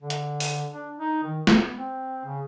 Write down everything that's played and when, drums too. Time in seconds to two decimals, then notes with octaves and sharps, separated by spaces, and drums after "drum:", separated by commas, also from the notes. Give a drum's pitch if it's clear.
0.01 D3
0.10 drum: hi-hat
0.40 drum: open hi-hat
0.73 D4
0.98 D#4
1.23 D#3
1.47 B3, drum: snare
1.75 C4
2.25 C#3